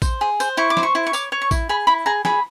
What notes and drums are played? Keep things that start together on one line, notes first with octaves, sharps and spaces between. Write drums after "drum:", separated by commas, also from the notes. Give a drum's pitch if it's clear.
C5, drum: kick A1, tambourine
G#4
C5, drum: tambourine
E4 C#6
D6
C5, drum: snare
C#6
E4
C#6
C#5 D6, drum: tambourine
C#5
C#6
E4, drum: kick A1, tambourine
G#4 B5
E4 B5
G#4 A#5
G#4 B5, drum: snare